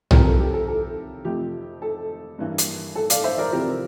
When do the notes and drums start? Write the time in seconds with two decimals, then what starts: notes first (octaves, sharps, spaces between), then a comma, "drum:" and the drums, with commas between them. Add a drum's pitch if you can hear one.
0.11 C3 F3 C4 E4 G4 A#4, drum: tom B1
0.25 A4
0.39 G4
0.53 A4
0.68 A4
1.25 F2 C3 F3 A3 G4
1.82 A4
2.39 G2 E3 A#3
2.58 drum: hi-hat
2.95 A4
3.10 D5 F5, drum: hi-hat
3.24 C5 E5
3.38 A#4 D5
3.52 C3 F3 C4 E4 G4 A#4